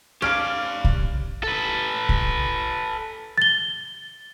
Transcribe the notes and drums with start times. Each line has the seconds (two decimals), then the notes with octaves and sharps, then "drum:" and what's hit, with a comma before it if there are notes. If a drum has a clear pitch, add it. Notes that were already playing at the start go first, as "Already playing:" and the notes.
0.22 C#4 G4 D5 F5 A5 D6 F6 D7
0.84 drum: kick
1.44 A4 B4
2.09 drum: kick
3.38 A6 G7